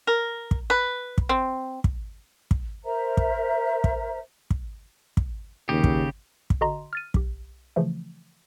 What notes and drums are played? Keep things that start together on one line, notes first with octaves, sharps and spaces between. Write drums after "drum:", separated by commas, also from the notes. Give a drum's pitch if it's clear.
A#4
drum: kick
B4
drum: kick
C4
drum: kick
drum: kick
A#4 C5 E5 A#5
drum: kick
drum: kick
drum: kick
drum: kick
D#2 C#3 G4
drum: kick
drum: kick
D3 F#4 D#5 A#5 C6
F6 A6 D#7
B1 G4, drum: kick
C#3 E3 F3 A3